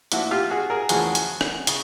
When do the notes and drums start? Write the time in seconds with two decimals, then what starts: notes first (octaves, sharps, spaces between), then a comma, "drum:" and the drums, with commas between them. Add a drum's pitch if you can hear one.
0.12 A#2 F3 A3 D4 E4 F#4, drum: hi-hat
0.31 F4 G4
0.50 F#4 G#4
0.70 G#4 A#4
0.89 E2 C#3 F3 A3 F#4 G#4, drum: hi-hat
1.15 drum: hi-hat
1.41 drum: rim click
1.67 C#3, drum: hi-hat